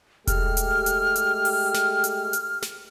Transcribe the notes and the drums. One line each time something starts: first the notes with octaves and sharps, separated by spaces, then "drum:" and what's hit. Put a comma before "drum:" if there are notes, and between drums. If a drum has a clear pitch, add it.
G#3 A3 G4 F6, drum: kick E1, hi-hat
drum: hi-hat
drum: hi-hat
drum: hi-hat
drum: open hi-hat
drum: snare
drum: hi-hat
drum: hi-hat
drum: snare